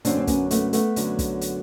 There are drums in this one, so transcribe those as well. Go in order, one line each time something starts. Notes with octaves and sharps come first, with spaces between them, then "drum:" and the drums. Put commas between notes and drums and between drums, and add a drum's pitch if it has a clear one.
F#2 D3 F#3 C4 D4, drum: hi-hat
C4
B3 C#4, drum: kick, hi-hat
A3 B3, drum: hi-hat
A3 B3, drum: hi-hat
F#2 D3 F#3, drum: hi-hat
drum: kick, hi-hat
drum: hi-hat